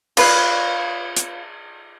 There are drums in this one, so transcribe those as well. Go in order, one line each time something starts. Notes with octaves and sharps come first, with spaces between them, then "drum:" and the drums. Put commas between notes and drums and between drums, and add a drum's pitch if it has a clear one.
F4 B4 C#5 F5, drum: cymbal
drum: hi-hat